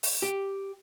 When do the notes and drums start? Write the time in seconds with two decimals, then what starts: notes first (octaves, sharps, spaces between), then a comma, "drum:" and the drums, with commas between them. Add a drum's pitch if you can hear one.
0.03 drum: open hi-hat
0.22 G4